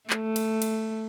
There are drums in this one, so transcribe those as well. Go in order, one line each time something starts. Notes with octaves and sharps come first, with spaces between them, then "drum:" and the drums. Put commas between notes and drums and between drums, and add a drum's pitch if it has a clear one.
A3, drum: clap
drum: cymbal
drum: cymbal